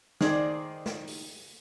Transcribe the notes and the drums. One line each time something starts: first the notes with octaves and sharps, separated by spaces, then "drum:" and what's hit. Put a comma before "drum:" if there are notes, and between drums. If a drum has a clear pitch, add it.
D#3 G#4 C5 D5, drum: snare
drum: snare
drum: open hi-hat